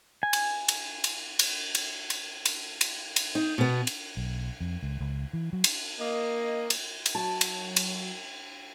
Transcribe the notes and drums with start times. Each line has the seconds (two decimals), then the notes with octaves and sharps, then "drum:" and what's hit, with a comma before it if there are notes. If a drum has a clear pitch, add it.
0.23 G#5
0.33 drum: cymbal
0.68 drum: cymbal
1.04 drum: cymbal
1.39 drum: cymbal
1.75 drum: cymbal
2.10 drum: cymbal
2.45 drum: cymbal
2.81 drum: cymbal
3.16 drum: cymbal
3.35 D#4
3.58 B2 B3
3.87 drum: cymbal
4.17 B1
4.61 F2
4.83 C#2
5.00 C#2
5.33 E3
5.53 F#3
5.64 drum: cymbal
5.99 A#3 D#5
6.70 drum: cymbal
7.06 drum: cymbal
7.15 F#3 A5
7.41 drum: cymbal
7.76 drum: cymbal